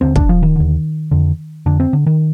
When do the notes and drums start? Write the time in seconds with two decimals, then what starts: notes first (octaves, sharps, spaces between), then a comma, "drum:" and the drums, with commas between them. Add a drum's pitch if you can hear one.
0.01 D#2 D3 C4
0.16 D4, drum: kick
0.29 F3
0.43 D#3
0.56 D#2 D3
1.11 F2 D3
1.66 F2 D3 D4
1.80 C4
1.93 D3
2.06 D#3